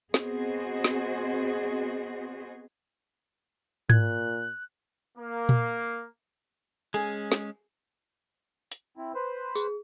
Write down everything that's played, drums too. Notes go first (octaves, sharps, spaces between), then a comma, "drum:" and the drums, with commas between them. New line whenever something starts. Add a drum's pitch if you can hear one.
B3 C4 F#4 G#4 C5 D#5, drum: snare
drum: snare
A#2 F#6 G#6, drum: tom G#2
A#3
drum: tom A#2
G#3 C#4 G#4, drum: hi-hat
drum: snare
drum: hi-hat
C4 E4
B4 C5
G#4, drum: tambourine